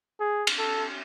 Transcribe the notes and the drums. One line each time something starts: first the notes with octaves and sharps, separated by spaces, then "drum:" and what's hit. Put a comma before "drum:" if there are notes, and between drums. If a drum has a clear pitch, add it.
G#4
drum: cymbal
A4